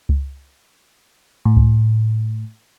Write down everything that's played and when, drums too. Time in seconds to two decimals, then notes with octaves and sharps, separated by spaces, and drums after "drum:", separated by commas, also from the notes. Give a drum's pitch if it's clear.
0.09 drum: kick C#2
1.45 A2
1.57 drum: kick C#2